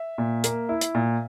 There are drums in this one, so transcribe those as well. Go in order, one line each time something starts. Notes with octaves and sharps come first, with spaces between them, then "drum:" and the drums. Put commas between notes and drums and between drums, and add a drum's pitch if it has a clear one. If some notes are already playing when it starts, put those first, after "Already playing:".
Already playing: E5
A#2
A#3, drum: hi-hat
E4
drum: hi-hat
A#2